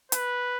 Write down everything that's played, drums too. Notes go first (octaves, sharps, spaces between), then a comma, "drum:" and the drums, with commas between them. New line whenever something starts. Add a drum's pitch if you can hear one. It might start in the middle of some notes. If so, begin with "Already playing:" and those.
B4, drum: hi-hat